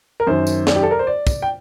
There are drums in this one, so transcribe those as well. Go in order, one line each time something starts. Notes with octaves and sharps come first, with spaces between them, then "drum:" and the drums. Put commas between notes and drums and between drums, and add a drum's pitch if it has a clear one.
A#4
F#2 D#3 C5
drum: tambourine
D5, drum: snare
G4
A4
A#4
C5
D5
drum: kick, tambourine
G5